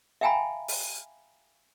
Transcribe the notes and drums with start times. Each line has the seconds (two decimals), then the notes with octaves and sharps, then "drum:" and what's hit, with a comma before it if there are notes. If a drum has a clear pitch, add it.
0.21 E5 F5 G5 G#5 A#5 B5
0.68 drum: open hi-hat